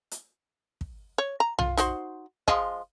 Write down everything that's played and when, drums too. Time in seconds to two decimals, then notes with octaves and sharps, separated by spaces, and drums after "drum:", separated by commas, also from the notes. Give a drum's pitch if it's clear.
0.11 drum: hi-hat
0.81 drum: kick
1.18 C#5
1.40 A#5
1.59 F4, drum: tom B1
1.77 D#4 F#4 C5, drum: hi-hat
2.48 F3 G#3 D#5, drum: kick